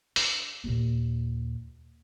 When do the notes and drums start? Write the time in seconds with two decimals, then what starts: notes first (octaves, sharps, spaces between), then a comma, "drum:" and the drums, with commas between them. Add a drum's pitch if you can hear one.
0.16 D4, drum: open hi-hat
0.64 D#2 A#2